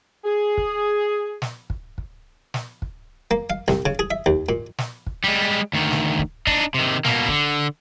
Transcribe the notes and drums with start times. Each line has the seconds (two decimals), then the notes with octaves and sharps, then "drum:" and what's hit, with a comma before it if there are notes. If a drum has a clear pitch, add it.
0.24 G#4
0.57 drum: kick
1.42 drum: snare
1.70 drum: kick
1.98 drum: kick
2.54 drum: snare
2.82 drum: kick
3.31 A#3
3.50 F5
3.68 C2, drum: snare
3.86 C#3
3.99 G#4
4.11 E5
4.26 D#2
4.49 A#2
4.78 drum: snare
5.07 drum: kick
5.24 G3 G#3
5.73 D2 D#3
5.91 drum: snare
6.19 drum: kick
6.47 D4 D#4, drum: kick
6.74 C3 D#3
7.05 B2 A#3, drum: snare
7.28 D3, drum: kick